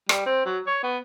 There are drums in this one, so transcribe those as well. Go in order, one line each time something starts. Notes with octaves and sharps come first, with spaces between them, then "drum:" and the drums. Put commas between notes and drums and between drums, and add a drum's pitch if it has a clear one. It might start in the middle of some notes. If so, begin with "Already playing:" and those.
G3, drum: rim click
C4
F#3
C#5
B3